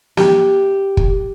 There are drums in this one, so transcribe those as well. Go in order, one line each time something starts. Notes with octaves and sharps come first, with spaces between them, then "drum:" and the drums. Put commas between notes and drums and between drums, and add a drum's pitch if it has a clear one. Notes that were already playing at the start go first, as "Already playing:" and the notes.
G4, drum: snare
drum: kick